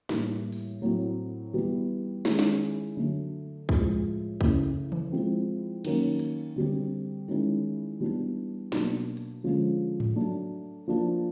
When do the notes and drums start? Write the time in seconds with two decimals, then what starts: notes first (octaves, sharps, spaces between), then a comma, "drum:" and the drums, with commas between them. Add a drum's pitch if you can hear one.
0.09 A2 E3 G3 A#3, drum: snare
0.53 drum: open hi-hat
0.82 A2 F#3 A3 C4 E4
1.53 E3 G3 B3
2.25 D#3 G#3 C#4 E4, drum: snare
2.39 drum: snare
2.97 D3 F#3 A3
3.69 A2 F3 G#3, drum: kick C2
4.41 C#3 E3 A3 C#4 E4, drum: kick C2
4.92 drum: tom D#3
5.12 F3 G#3 C4 E4
5.85 D#3 F#3 A#3 C#4, drum: cymbal
6.19 drum: hi-hat
6.56 D3 G3 C4
7.28 D#3 G#3 C#4 E4
8.00 E3 G3 B3 D4
8.72 B2 F#3 A#3 D4, drum: snare
9.17 drum: hi-hat
9.44 D3 F3 G#3 C#4
10.00 drum: tom G#2
10.15 F#3 A3 D4
10.88 F3 A#3 D4